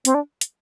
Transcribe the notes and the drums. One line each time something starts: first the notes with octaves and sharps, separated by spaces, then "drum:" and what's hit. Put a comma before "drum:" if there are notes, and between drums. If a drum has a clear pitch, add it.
C4, drum: hi-hat
D4
drum: hi-hat